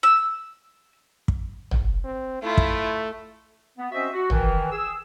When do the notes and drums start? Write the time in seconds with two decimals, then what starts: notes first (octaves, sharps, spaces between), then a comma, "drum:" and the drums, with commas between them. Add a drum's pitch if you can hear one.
0.03 E6
1.28 drum: kick
1.71 drum: tom
2.04 C4
2.43 A3 E4 F4
2.57 drum: kick
3.77 B3
3.92 C4 C#4 F#4 C5 D#5 E5
4.13 F#4
4.30 D#3 E3, drum: tom
4.71 G#4 E6